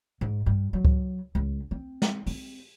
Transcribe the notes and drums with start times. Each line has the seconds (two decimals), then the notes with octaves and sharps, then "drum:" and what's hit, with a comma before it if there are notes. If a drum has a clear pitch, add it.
0.21 G#2
0.46 G2
0.73 F#3
0.85 drum: kick C#2
1.35 C#2
1.71 C4
2.02 drum: snare
2.26 C4, drum: open hi-hat